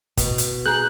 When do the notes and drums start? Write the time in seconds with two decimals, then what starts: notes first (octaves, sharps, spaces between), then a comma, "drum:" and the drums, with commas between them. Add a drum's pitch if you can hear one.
0.17 B2, drum: kick, hi-hat
0.38 drum: hi-hat
0.66 G#4 A#5 F#6 G6